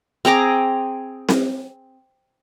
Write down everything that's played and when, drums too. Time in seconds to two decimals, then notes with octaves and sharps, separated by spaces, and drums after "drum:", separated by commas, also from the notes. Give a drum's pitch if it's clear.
0.25 C4 G#4 A#5 D6
1.29 drum: snare C4